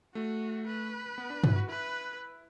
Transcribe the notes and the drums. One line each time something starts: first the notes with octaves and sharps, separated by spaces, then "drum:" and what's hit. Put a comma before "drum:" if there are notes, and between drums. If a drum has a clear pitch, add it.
A3 F#4
B4
B3
D4
E4, drum: tom G2
F#4
E4 B4